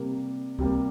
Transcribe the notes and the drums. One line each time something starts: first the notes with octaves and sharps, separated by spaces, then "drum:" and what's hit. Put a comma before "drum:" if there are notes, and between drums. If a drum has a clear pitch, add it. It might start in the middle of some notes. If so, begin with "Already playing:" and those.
Already playing: C3 G3 A#3
C3 G3 A#3, drum: kick